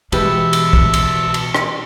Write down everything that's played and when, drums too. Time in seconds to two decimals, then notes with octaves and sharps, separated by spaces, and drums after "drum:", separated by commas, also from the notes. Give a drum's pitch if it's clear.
0.12 B2 E3 G#3 G4 B4 E5 A5, drum: cymbal
0.53 drum: cymbal
0.73 drum: kick
0.94 drum: cymbal
1.34 drum: cymbal
1.54 drum: rim click